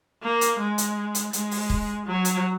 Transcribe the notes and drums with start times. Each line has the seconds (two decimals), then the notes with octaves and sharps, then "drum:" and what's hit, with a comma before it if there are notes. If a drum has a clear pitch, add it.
0.23 A#3
0.41 drum: hi-hat
0.60 G#3
0.78 drum: hi-hat
1.15 drum: hi-hat
1.33 G#3, drum: hi-hat
1.51 drum: open hi-hat
1.70 drum: kick
2.06 F#3
2.25 drum: hi-hat